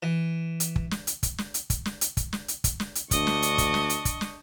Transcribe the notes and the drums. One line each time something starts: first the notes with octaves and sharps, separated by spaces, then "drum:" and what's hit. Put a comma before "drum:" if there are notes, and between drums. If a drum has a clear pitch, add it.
E3
drum: hi-hat
drum: kick
drum: snare
drum: hi-hat
drum: kick, hi-hat
drum: snare
drum: hi-hat
drum: kick, hi-hat
drum: snare
drum: hi-hat
drum: kick, hi-hat
drum: snare
drum: hi-hat
drum: kick, hi-hat
drum: snare
drum: hi-hat
D2 D4 D#5 C#6, drum: kick, hi-hat
drum: snare
drum: hi-hat
drum: kick, hi-hat
drum: snare
drum: hi-hat
drum: kick, hi-hat
drum: snare